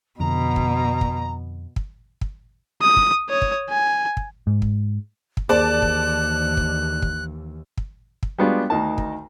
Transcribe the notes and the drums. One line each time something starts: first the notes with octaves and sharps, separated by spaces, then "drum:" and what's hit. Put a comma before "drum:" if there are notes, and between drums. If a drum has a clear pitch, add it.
F2 B2 D3 A#5
drum: kick
drum: kick
drum: kick
drum: kick
D#6
drum: kick
C#5 D#6
drum: kick
G#5
drum: kick
G#2
drum: kick
drum: kick
D#2 E3 A#3 G#4 C5 D5 A5 F#6
drum: kick
drum: kick
drum: kick
drum: kick
drum: kick
G3 G#3 B3 D4 F4 F#4
D2 D#3 D#4 A#4 A5
drum: kick